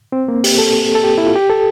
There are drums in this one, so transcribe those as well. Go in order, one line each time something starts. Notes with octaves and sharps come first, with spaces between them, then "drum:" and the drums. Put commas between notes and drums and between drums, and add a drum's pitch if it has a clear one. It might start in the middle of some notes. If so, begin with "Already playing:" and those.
C4
A#3
G4, drum: open hi-hat
A4
A4
G4
E4
F4
G4
A4